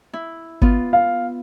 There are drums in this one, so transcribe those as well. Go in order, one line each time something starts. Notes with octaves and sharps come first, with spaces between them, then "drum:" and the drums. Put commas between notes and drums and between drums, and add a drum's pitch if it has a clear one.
E4
B3 F4, drum: kick G#1
F5